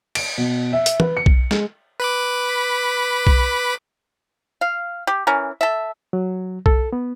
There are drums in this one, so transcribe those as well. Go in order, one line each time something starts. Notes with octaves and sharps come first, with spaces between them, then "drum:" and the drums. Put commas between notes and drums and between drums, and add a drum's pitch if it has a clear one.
D7, drum: cymbal
B2
E5
drum: hi-hat
B4, drum: tom
C#7
drum: kick B1
G#3, drum: snare
B4 B5 D6
drum: kick B1
F5
G4
E3 C#4 A#4
A4 E5
F#3
A4, drum: kick B1
B3